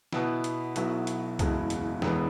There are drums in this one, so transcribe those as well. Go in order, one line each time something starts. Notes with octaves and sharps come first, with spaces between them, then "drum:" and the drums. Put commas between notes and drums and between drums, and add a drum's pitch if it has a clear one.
B2 B3 E4, drum: snare
drum: hi-hat
B1 B2 F#3 B3 E4, drum: hi-hat
drum: hi-hat
F#1 E2 B2 G#3 E4, drum: kick, hi-hat
drum: hi-hat
E1 E2 E3 G#3 B3, drum: snare